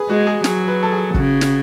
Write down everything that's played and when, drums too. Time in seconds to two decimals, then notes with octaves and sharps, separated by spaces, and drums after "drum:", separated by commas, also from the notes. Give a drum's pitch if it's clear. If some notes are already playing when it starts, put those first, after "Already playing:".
Already playing: G#4 B4
0.09 G#3 F#4
0.27 G#4
0.44 F#3 G#4, drum: snare
0.68 B4
0.83 A4
0.92 G#4
1.14 C#3 F#4, drum: kick
1.41 F#4, drum: snare